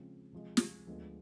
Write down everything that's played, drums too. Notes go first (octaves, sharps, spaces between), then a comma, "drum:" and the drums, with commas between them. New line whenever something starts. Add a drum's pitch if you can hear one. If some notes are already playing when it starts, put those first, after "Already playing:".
Already playing: C#3 F3 G#3 C4
C3 F3 G#3
drum: snare
D2 D3 F3 G#3 B3